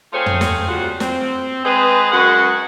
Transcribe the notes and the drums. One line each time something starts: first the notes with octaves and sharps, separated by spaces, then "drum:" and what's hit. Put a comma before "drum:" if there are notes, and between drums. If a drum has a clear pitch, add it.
A3 C4 F4 G#4 C5 C#5
drum: tom
drum: snare
F2 G3 F4 F#4 F#5
C4, drum: snare
G#3 C4 G#4 B4
F#2 G#3 F#4 F#5